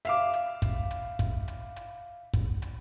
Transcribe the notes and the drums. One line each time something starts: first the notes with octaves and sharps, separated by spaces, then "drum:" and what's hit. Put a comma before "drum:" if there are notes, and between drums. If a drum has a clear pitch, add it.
E5 F5 D6, drum: hi-hat
drum: hi-hat
drum: kick, hi-hat
drum: hi-hat
drum: kick, hi-hat
drum: hi-hat
drum: hi-hat
drum: kick, hi-hat
drum: hi-hat